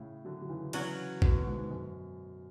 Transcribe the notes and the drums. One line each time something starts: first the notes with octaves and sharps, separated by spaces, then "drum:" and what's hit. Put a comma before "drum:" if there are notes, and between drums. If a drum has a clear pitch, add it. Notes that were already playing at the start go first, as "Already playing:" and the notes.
Already playing: A2 C#3
D3 F#3
F#3
C#3 E3
C#3 E3 F#3 C#4 F#4, drum: cymbal
B2 D3, drum: kick
G#2
G#2
F#2